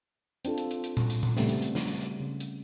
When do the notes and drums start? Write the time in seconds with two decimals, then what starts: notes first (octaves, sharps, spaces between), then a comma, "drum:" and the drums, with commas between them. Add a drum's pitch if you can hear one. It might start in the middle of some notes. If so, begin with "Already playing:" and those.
0.45 C4 D4 F4 A4, drum: hi-hat
0.58 drum: hi-hat
0.71 drum: hi-hat
0.84 drum: hi-hat
0.97 drum: tom A#2
1.10 drum: hi-hat
1.23 drum: tom A#2
1.37 C#3 G3 A3 B3 C4, drum: snare
1.49 drum: hi-hat
1.62 drum: hi-hat
1.75 drum: snare
1.88 drum: hi-hat
2.01 drum: hi-hat
2.20 C#3
2.40 drum: hi-hat